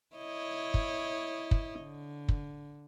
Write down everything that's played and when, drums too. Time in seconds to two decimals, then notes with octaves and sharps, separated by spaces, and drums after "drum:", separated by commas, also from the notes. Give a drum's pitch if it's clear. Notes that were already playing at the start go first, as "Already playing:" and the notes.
0.16 E4 C#5 D#5
0.74 drum: kick
1.51 drum: kick
1.82 D3
2.28 drum: kick